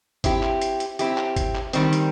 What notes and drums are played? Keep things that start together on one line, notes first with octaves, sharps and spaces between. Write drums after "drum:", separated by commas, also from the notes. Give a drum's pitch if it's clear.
C4 E4 G4, drum: kick, hi-hat
drum: clap
drum: hi-hat
drum: hi-hat
C4 E4 G4, drum: hi-hat
drum: clap
drum: kick, hi-hat
drum: clap
D#3 G3 C4, drum: hi-hat
drum: hi-hat